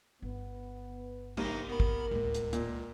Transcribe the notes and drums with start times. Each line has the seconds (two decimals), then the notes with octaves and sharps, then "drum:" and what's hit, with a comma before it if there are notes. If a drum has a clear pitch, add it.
0.22 G1 B3
1.37 A#1 C3 A#3 D#4 A#6, drum: cymbal
1.69 B3 A#4 B5
1.80 drum: kick
2.11 D1 C#2 A#3
2.35 drum: hi-hat
2.53 A#2, drum: hi-hat